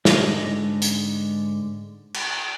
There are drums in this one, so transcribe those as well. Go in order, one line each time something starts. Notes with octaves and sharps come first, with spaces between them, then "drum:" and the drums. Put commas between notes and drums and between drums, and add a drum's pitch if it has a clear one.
G#2 D3 G#3 A4 D#5, drum: snare
drum: hi-hat
drum: cymbal